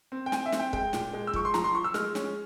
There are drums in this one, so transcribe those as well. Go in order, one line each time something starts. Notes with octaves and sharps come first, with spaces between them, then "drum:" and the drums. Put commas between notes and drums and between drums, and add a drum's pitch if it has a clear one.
C4
G5
C4 G#5, drum: snare
E5
C4, drum: snare
G5
G#3 G5, drum: kick
A#2, drum: snare
G#3
E6
F3 C#6, drum: kick
C6
F3 A#5, drum: snare
C6
F3 C#6
E6
G#3 F6, drum: snare
C#4, drum: snare